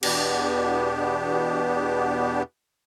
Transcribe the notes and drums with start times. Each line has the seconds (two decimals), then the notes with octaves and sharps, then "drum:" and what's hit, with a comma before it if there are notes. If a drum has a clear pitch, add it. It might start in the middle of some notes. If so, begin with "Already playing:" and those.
0.03 E2 B2 B3 D4 G4, drum: cymbal